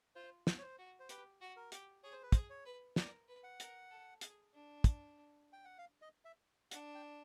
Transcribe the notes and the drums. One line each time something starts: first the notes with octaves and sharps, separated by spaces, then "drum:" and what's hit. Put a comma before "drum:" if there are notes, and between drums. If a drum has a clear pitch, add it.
F4 C5
drum: snare
C#5
C5
F#4
C5
G4 B4, drum: hi-hat
F#4
A#4
G4, drum: hi-hat
G#4 C#5
C5
B4
G#4 C5, drum: kick, hi-hat
C#5
B4
A#4 D5, drum: snare
B4
F#5
A#4, drum: hi-hat
A4
G#4, drum: hi-hat
D4
drum: kick, hi-hat
G5
F#5
F5
D#5
E5
D4 F#5, drum: hi-hat
G5